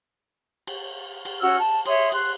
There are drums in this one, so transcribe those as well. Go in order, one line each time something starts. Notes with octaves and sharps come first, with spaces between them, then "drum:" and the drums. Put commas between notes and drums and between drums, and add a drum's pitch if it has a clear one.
drum: cymbal
drum: cymbal
C#4 F#4 E6 F6
A5
C#5 E5 C6 D#6, drum: cymbal
C6 F#6, drum: cymbal